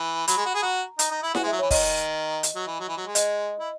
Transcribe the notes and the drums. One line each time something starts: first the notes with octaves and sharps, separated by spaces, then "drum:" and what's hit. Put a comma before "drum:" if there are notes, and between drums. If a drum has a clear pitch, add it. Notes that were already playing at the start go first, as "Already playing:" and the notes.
Already playing: E3
F#3 B5, drum: hi-hat
G#3
F#4
G#4
F#4 A#5
D#4, drum: hi-hat
D#4
E4
F#4 G#5, drum: snare E4
G#3 E5
F#3
E3 C#5
D#3 D#5, drum: kick, open hi-hat
drum: hi-hat
F#3
E3
F#3
E3
F#3
G#3
D#5, drum: hi-hat
E4